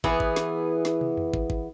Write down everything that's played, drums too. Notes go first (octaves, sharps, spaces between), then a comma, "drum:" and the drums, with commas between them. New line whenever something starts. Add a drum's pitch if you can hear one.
E3 B3 G#4, drum: kick
drum: kick
drum: snare
drum: snare
drum: tom
drum: tom F2
drum: kick
drum: kick